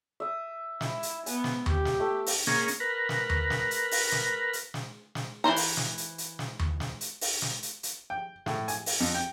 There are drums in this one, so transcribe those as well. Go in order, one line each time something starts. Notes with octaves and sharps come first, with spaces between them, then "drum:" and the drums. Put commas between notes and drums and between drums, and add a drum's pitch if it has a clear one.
E5 D#6
E4, drum: snare
drum: hi-hat
B3 G#5, drum: hi-hat
drum: snare
G4, drum: tom D#2
drum: snare
A3 E5 G5
drum: open hi-hat
A#3 C#4 G#4, drum: snare
drum: hi-hat
A#4 B4
drum: snare
drum: tom D#2
drum: snare
drum: hi-hat
drum: open hi-hat
drum: snare
drum: hi-hat
drum: snare
drum: snare
E3 D4 C5 A#5
drum: open hi-hat
drum: snare
drum: hi-hat
drum: hi-hat
drum: snare
drum: tom D#2
drum: snare
drum: hi-hat
drum: open hi-hat
drum: snare
drum: hi-hat
drum: hi-hat
G5
A2, drum: snare
G#5, drum: hi-hat
drum: open hi-hat
F2
G5